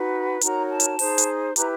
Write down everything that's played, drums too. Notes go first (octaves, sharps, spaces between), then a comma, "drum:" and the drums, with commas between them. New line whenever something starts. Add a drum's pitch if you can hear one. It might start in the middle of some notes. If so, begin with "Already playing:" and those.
Already playing: D#4 F#4 B4
D#4 F#4 A#4 C#5 A#5, drum: hi-hat
A5
drum: hi-hat
D#4 G#4 C5, drum: open hi-hat
drum: hi-hat
E4 G4 B4 A#5, drum: hi-hat